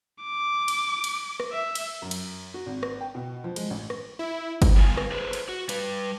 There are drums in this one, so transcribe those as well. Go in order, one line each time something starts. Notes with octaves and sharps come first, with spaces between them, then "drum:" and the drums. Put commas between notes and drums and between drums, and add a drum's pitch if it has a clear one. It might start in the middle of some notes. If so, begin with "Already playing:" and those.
D6
drum: cymbal
drum: cymbal
drum: rim click
E5
drum: cymbal
F#2
drum: cymbal
F#4
G#1
drum: rim click
G5
B2
F3
G#3, drum: cymbal
A1
drum: rim click
E4
drum: kick G1, cymbal
G3 B3 D4 C#5 F5 G#5
drum: rim click
G#4 B4 C5
drum: cymbal
F#4
G3 B4, drum: cymbal